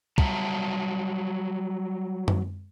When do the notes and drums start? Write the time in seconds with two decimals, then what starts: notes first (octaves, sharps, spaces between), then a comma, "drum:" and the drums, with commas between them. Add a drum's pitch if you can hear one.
0.18 F#3 G3 E5 F#5 A5 A#5, drum: kick
2.28 drum: tom F#2